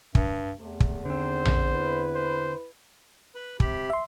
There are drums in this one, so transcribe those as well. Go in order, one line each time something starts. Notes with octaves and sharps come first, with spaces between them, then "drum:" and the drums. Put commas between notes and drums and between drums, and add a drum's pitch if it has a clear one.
G2, drum: kick
E2 C3 A3
drum: kick
D3 D#3 C4 C5
drum: tom A#1
E4 B4
C5
B4 B5
C3 G4 B5, drum: kick
E5 C6